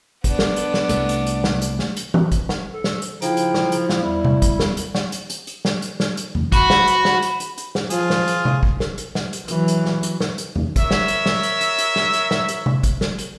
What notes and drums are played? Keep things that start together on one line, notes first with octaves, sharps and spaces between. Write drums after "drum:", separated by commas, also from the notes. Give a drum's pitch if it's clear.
B3 D4, drum: kick, hi-hat
drum: snare
drum: hi-hat
drum: snare
C2 A3, drum: hi-hat
drum: hi-hat
drum: hi-hat
drum: snare
drum: hi-hat
drum: snare
drum: hi-hat
drum: tom E3
drum: kick, hi-hat
drum: snare
A4
drum: snare
drum: hi-hat
C#3 F3 D#4 E4 G5, drum: hi-hat
drum: hi-hat
drum: snare
drum: hi-hat
drum: snare
E2 G3 E4
drum: tom C3
drum: kick, hi-hat
drum: snare
drum: hi-hat
drum: snare
drum: hi-hat
drum: hi-hat
drum: hi-hat
drum: snare
drum: hi-hat
drum: snare
drum: hi-hat
drum: tom E2
F#4 B5, drum: kick, hi-hat
drum: snare
drum: hi-hat
drum: snare
drum: hi-hat
drum: hi-hat
drum: hi-hat
drum: snare
F3 F4 G#4, drum: hi-hat
drum: snare
drum: hi-hat
drum: tom C3
drum: kick
drum: snare
drum: hi-hat
drum: snare
drum: hi-hat
E3 F#3, drum: hi-hat
drum: hi-hat
drum: snare
drum: hi-hat
drum: snare
drum: hi-hat
drum: tom E2
A#4 C#5 E5, drum: kick, hi-hat
drum: snare
drum: hi-hat
drum: snare
drum: hi-hat
drum: hi-hat
drum: hi-hat
drum: snare
drum: hi-hat
drum: snare
drum: hi-hat
drum: tom C3
drum: kick, hi-hat
drum: snare
drum: hi-hat